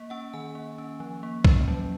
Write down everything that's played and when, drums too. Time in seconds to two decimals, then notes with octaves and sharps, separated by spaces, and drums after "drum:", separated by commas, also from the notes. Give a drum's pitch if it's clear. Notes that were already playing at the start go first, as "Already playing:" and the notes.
Already playing: A#3
0.10 C#4 F#5
0.34 D#3 G#5
0.55 A#3
0.78 C#4
1.00 F3
1.23 A#3
1.45 C#4, drum: kick
1.68 F#3